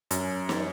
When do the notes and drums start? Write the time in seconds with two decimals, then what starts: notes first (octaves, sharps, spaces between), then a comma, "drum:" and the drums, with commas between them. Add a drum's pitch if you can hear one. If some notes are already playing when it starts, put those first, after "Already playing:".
0.11 F#2, drum: hi-hat
0.49 drum: snare